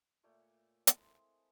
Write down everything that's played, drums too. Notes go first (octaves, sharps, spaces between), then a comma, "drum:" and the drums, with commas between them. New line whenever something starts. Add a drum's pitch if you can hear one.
A#2 A3 C#5 D6
G#3 C4 E4 A4, drum: hi-hat